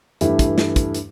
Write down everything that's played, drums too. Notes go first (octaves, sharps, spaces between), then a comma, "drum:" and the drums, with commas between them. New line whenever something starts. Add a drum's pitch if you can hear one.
G2 E3 A3 E4 G4, drum: hi-hat
drum: kick, hi-hat
drum: snare
drum: kick, hi-hat
drum: hi-hat